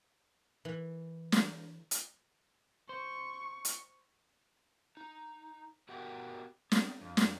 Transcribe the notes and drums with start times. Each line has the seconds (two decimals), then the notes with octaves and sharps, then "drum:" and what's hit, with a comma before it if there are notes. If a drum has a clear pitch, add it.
0.65 E3
1.32 drum: snare
1.91 drum: hi-hat
2.89 C5 C#6
3.65 drum: hi-hat
4.97 D#4
5.89 B3 F#4 G4 A#4 F#5 G5
6.72 B3 C4, drum: snare
7.01 F2
7.17 drum: snare